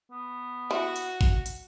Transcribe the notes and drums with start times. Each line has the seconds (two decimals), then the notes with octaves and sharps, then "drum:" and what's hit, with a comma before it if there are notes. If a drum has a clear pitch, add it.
0.11 B3
0.71 E4 F#4
0.96 drum: hi-hat
1.21 drum: kick A1
1.46 drum: hi-hat